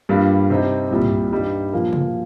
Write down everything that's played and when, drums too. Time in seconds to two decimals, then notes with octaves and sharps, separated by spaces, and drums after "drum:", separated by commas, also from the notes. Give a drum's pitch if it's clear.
0.09 G2 G3 A#3 F4
0.50 C3 G3 C4 D#4
0.91 C2 A#2 G3
1.02 drum: tom
1.32 G2 G3 D#4
1.73 A#2 F3 A#3 F4
1.93 drum: tom